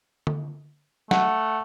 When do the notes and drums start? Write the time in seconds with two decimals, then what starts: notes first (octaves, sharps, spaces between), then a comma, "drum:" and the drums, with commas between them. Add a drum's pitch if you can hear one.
0.27 drum: tom D3
1.11 A3 F#5, drum: snare